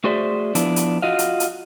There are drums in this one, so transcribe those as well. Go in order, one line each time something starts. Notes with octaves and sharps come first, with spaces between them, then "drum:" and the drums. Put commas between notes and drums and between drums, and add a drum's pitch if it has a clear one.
A3 F#4 G#4 C5 D5 E5
F3 B3 D4 E4, drum: hi-hat
drum: hi-hat
F4 F#4 D#5 F5
drum: hi-hat
drum: hi-hat